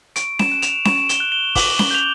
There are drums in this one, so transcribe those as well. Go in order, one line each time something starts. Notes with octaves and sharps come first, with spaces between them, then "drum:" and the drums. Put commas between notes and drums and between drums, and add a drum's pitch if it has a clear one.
C#6 D7, drum: hi-hat
E7, drum: snare C#4
F#6
F7, drum: hi-hat
C#6 E7, drum: snare C#4
G7, drum: hi-hat
F#6
G7
D6 F#7, drum: kick, open hi-hat
G7, drum: snare C#4
G6 F7